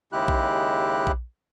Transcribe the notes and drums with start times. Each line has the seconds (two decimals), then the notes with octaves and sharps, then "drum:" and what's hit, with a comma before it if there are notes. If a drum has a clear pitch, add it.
0.12 D#2 C#3 G#3 E4 G4 F#6
0.28 drum: kick A#1
1.07 drum: kick A#1